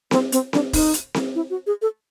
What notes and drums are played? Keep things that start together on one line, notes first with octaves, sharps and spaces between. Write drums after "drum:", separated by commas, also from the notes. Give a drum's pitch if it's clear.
C4, drum: snare C4
C4, drum: hi-hat
D4, drum: snare C4
D#4, drum: kick E1, open hi-hat
drum: hi-hat
drum: snare C4
E4
F#4
G#4
A4